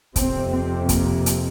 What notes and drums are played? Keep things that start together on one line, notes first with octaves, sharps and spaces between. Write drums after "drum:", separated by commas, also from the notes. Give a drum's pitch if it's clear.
F2 C3 C4, drum: kick, hi-hat
C4
A#3, drum: kick, hi-hat
drum: hi-hat